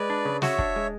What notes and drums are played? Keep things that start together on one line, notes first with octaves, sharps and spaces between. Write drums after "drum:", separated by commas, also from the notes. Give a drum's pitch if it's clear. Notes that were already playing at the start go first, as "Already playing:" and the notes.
Already playing: G#3 B4 D5
D4
C#3
F#4 C#5 E5, drum: snare
D4, drum: kick
G#3